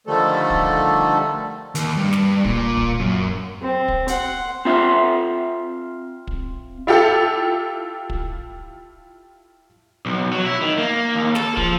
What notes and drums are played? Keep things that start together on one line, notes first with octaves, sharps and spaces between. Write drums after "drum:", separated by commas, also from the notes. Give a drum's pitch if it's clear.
D3 D#3 F3 G3 A3 A4
drum: kick
D#2, drum: hi-hat
G2
drum: snare
A#2, drum: kick
drum: kick
F#2
C4
drum: kick
F#5 C6, drum: hi-hat
C4 F4 E5 C6
drum: kick
E4 F4 G4 A4
drum: kick
B1
F#3
E4
D#3
A#3
D#2
A4, drum: snare
F3, drum: kick